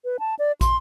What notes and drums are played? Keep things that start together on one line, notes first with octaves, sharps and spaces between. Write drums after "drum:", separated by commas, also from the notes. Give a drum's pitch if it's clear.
B4
A5
D5
C6, drum: kick, hi-hat